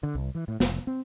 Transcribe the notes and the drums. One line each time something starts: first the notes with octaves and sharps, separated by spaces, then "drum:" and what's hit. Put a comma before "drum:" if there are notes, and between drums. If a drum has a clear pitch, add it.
D3
C2
E3
A2
F1, drum: snare
C4